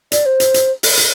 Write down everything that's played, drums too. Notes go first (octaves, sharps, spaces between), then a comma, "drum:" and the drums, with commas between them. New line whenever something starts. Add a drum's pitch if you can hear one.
D5, drum: hi-hat
C5
drum: hi-hat
drum: hi-hat
drum: open hi-hat
drum: hi-hat